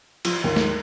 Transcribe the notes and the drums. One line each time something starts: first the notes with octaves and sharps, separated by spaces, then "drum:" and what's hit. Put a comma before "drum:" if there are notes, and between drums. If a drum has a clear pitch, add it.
F3, drum: cymbal
D#2
drum: snare